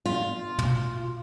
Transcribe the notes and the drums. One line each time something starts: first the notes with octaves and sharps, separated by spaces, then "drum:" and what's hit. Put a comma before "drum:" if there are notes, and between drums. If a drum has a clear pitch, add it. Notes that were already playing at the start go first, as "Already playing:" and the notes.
F4
drum: tom